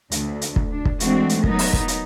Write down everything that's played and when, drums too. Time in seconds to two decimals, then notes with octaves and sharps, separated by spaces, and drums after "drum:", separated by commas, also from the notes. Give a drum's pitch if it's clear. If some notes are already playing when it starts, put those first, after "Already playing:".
0.11 D2, drum: hi-hat
0.41 drum: hi-hat
0.56 drum: kick
0.71 D4
0.85 drum: kick
1.00 E3 G#3 A3 C4 D4 F#4, drum: hi-hat
1.29 drum: hi-hat
1.44 F#3 B3 D#4 A#4, drum: kick
1.59 drum: open hi-hat
1.73 drum: kick
1.88 drum: hi-hat